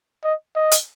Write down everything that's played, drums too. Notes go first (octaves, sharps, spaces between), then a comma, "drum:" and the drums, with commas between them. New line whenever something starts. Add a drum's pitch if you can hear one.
D#5
D#5
drum: hi-hat